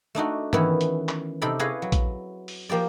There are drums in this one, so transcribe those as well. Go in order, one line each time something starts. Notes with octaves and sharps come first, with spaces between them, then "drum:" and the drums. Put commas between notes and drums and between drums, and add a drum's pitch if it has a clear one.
A3 D4 D#4 F#4
D#3 E3 B3 C#4 E4 B4, drum: tom G#2
drum: hi-hat
drum: clap
C3 D#4 A4 D5 B5
E4 G#4 B4 C#5 D#5 F5
F#3
drum: kick A#1, hi-hat
drum: open hi-hat
F3 A#3 G4 D5